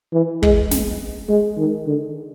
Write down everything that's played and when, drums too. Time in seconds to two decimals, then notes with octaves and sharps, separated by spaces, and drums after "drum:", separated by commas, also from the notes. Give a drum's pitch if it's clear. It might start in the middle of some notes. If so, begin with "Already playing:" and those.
0.13 E3
0.43 G#3, drum: kick
0.71 drum: snare
1.29 G#3
1.58 D#3
1.86 D3